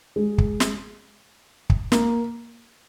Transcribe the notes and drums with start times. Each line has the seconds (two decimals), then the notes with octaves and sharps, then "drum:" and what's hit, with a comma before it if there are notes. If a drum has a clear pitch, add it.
0.16 G#3
0.38 drum: kick
0.60 drum: snare
1.70 drum: kick
1.92 A#3, drum: snare